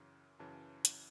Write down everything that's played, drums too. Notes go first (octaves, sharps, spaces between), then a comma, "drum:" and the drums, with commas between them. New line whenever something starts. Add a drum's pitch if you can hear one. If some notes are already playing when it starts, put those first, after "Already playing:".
Already playing: F#2 C#3 E3
F#2 C#3 E3 A5
drum: hi-hat